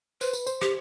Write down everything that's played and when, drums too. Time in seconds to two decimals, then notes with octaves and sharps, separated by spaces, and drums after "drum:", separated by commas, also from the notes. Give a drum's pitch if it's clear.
0.21 B4 C5, drum: tambourine
0.33 B4, drum: tambourine
0.47 C5, drum: tambourine
0.62 G4, drum: rim click